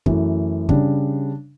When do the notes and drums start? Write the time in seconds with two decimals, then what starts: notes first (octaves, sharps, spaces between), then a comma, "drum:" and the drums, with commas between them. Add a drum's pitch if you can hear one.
0.06 F#2 E3 A3, drum: kick
0.69 C#3 G3 D4, drum: kick